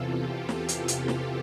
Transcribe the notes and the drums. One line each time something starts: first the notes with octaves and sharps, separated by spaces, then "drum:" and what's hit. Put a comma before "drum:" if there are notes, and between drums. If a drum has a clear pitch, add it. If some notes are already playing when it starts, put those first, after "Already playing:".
Already playing: E2 C3 E3 F4 A4
G4
F4, drum: snare
drum: hi-hat
G4, drum: hi-hat
drum: snare